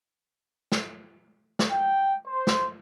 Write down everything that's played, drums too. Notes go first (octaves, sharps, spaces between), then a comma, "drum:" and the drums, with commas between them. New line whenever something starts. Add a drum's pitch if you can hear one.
drum: snare
drum: snare
G5
C5
drum: snare